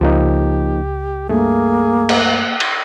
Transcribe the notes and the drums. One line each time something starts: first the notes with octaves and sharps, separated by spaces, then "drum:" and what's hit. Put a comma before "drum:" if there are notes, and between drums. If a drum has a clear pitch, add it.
C#2 F3 A#3 D#4 G4
G2 A3 A#3 G#4
drum: cymbal
drum: cymbal